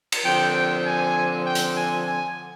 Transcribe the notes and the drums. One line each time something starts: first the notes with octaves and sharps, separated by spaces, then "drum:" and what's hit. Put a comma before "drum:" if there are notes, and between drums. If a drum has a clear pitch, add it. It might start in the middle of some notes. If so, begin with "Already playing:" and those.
drum: cymbal
D3 F3 C4 G5
G5
G#5
G5
drum: hi-hat
G#5
G#5